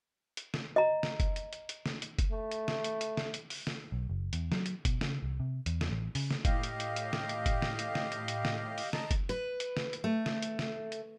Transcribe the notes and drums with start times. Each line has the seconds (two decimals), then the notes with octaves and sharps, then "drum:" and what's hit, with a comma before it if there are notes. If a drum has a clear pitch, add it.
0.37 drum: hi-hat
0.54 drum: snare
0.76 D#5 A#5
1.03 drum: snare
1.20 drum: kick F#1, hi-hat
1.36 drum: hi-hat
1.53 drum: hi-hat
1.69 drum: hi-hat
1.86 drum: snare
2.02 drum: hi-hat
2.19 drum: kick F#1, hi-hat
2.31 A3
2.51 drum: hi-hat
2.68 drum: snare
2.84 drum: hi-hat
3.01 drum: hi-hat
3.17 drum: snare
3.34 drum: hi-hat
3.50 drum: open hi-hat
3.67 drum: snare
3.92 B1
4.09 F#1
4.33 E2, drum: hi-hat
4.52 F#3, drum: snare
4.66 drum: hi-hat
4.85 B2, drum: kick F#1, hi-hat
5.01 C#3, drum: snare
5.23 C2
5.40 C3
5.66 E2, drum: hi-hat
5.81 drum: snare
5.91 A1
6.15 C#3, drum: open hi-hat
6.31 drum: snare
6.45 A2 G4 D#5 F5, drum: kick F#1, hi-hat
6.63 drum: hi-hat
6.80 drum: hi-hat
6.96 drum: hi-hat
7.13 drum: snare
7.29 drum: hi-hat
7.46 drum: kick F#1, hi-hat
7.62 drum: snare
7.79 drum: hi-hat
7.95 drum: snare
8.12 drum: hi-hat
8.28 drum: hi-hat
8.45 drum: snare
8.78 drum: open hi-hat
8.93 D#5 A5 A#5, drum: snare
9.11 drum: kick F#1, hi-hat
9.29 B4, drum: hi-hat
9.60 drum: hi-hat
9.77 drum: snare
9.93 drum: hi-hat
10.04 A3
10.26 drum: snare
10.42 drum: hi-hat
10.59 drum: snare
10.92 drum: hi-hat